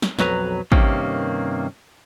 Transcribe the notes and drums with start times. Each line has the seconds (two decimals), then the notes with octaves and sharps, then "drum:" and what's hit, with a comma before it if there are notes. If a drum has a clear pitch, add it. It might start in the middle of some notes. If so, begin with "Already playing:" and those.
0.02 drum: snare
0.19 B1 F2 F#3 B4 A#5, drum: snare
0.72 G2 C3 D#3 A#3 C4 C#4, drum: kick